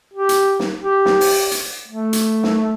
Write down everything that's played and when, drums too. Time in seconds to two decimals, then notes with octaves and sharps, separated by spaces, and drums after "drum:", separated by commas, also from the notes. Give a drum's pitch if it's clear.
0.14 G4
0.29 drum: hi-hat
0.59 drum: snare
0.82 G4
1.05 drum: snare
1.21 drum: open hi-hat
1.51 drum: hi-hat
1.88 A3
2.13 drum: hi-hat
2.43 drum: snare